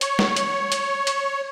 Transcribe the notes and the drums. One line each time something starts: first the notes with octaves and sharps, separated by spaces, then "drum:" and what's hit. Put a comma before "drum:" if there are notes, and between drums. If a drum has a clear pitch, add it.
C#5, drum: hi-hat
drum: snare
drum: hi-hat
drum: hi-hat
drum: hi-hat